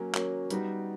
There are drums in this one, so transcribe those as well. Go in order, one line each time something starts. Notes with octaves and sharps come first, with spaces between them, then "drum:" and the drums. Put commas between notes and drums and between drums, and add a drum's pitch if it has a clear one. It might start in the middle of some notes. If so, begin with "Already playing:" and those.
Already playing: F#3 A#3 C#4
F#3 A#3 C#4, drum: clap
G3 B3 D#4 F#4, drum: hi-hat